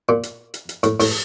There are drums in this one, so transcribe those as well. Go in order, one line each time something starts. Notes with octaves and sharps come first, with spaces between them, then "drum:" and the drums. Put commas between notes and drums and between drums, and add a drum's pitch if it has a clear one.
A#2
drum: hi-hat
drum: hi-hat
drum: hi-hat
A2, drum: hi-hat
A2, drum: open hi-hat